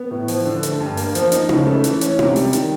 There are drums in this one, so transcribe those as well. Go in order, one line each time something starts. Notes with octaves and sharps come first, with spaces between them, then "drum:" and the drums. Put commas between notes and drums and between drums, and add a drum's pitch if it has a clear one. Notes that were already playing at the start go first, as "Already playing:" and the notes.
Already playing: B3
A2
F3, drum: open hi-hat
D3
A3, drum: hi-hat
G2
A#3, drum: open hi-hat
F3, drum: hi-hat
D#4, drum: hi-hat
C#3, drum: tom D#4
A3
E3, drum: hi-hat
C#4, drum: hi-hat
C3, drum: tom D#4
G3, drum: open hi-hat
D#3, drum: hi-hat